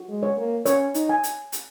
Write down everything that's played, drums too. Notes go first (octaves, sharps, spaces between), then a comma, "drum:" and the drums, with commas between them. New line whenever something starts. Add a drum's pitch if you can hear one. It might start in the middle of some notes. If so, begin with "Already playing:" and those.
Already playing: F#4
G#3
C#5
A#3
C#4 C#5, drum: hi-hat
D#4, drum: hi-hat
G#5
drum: hi-hat
drum: hi-hat